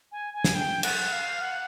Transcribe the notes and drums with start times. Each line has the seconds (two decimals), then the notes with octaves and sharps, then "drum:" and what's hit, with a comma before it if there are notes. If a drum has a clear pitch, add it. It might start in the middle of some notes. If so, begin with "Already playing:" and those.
0.12 G#5
0.34 G#5
0.44 drum: snare
0.55 G5
0.83 F#5, drum: cymbal
1.12 F5
1.41 F#5